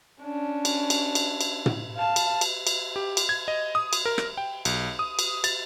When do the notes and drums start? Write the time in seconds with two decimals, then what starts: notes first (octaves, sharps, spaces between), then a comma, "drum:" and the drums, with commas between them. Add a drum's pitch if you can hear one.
0.22 C#4 D4
0.65 drum: cymbal
0.90 drum: cymbal
1.15 drum: cymbal
1.41 drum: cymbal
1.66 drum: tom
1.96 F5 A5
2.16 drum: cymbal
2.41 drum: cymbal
2.67 drum: cymbal
2.96 G4
3.17 drum: cymbal
3.29 G#6
3.48 D#5
3.75 D#6
3.93 drum: cymbal
4.06 A#4
4.18 drum: rim click
4.37 G5
4.65 B1, drum: cymbal
4.99 D#6
5.19 drum: cymbal
5.44 A6, drum: cymbal